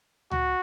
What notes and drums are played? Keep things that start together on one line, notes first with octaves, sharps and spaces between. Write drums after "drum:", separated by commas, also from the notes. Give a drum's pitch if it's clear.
F#4, drum: tom C#2